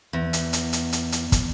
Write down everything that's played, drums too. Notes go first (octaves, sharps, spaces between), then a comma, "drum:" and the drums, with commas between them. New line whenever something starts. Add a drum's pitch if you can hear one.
E2
drum: hi-hat
drum: hi-hat
drum: hi-hat
drum: hi-hat
drum: hi-hat
drum: kick, hi-hat